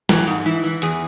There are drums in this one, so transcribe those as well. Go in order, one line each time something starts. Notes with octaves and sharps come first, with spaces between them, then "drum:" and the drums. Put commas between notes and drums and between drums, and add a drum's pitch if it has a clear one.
E3, drum: snare
G#2
E3 E4
E3
E2 G#4, drum: hi-hat